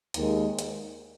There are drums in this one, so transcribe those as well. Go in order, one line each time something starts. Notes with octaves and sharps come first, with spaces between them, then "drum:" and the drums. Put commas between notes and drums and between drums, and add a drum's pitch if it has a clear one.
D#2 D#3 G#3, drum: hi-hat
drum: hi-hat